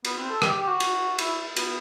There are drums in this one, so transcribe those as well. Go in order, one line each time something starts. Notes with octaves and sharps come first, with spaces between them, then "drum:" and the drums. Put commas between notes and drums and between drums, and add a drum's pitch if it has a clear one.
B3, drum: cymbal
C4
A4
G4, drum: rim click
G4
F#4
drum: cymbal
E4, drum: cymbal
B3, drum: cymbal